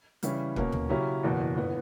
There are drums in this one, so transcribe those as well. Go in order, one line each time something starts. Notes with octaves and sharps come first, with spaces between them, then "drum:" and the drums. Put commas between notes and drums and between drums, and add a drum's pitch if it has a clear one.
C#3 E3 G3 C#4 E4, drum: hi-hat
B2 A#3 C#4 F#4, drum: kick
drum: tom D2
C#3 F#3 C#4 E4 G4
F#1 E2 B2
G1 E3 B3